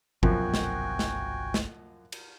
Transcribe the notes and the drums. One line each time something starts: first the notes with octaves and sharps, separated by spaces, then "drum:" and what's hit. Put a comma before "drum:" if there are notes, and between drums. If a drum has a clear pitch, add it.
G1 C2 F#2 B2 F3 F#4 G5 G#5, drum: kick G1
drum: snare
drum: snare
drum: snare
drum: cymbal